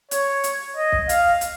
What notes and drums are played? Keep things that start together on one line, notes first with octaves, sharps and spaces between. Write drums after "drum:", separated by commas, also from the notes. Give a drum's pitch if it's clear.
C#5, drum: hi-hat
drum: hi-hat
D#5
drum: kick
F5, drum: hi-hat
drum: hi-hat